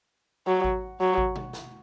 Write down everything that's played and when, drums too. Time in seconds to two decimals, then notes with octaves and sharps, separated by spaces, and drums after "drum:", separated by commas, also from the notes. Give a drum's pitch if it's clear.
0.47 F#3
0.64 drum: kick G#1
1.00 F#3
1.18 drum: kick G#1
1.36 drum: tom B2
1.53 drum: snare